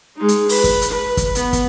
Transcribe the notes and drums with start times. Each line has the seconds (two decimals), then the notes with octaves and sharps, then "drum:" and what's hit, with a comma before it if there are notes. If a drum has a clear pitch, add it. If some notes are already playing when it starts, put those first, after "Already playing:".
0.17 G#3 D#4
0.28 drum: hi-hat
0.49 B4, drum: open hi-hat
0.64 drum: kick, hi-hat
0.82 drum: hi-hat
0.91 B4
1.17 drum: kick, hi-hat
1.35 B3, drum: hi-hat
1.53 drum: kick, hi-hat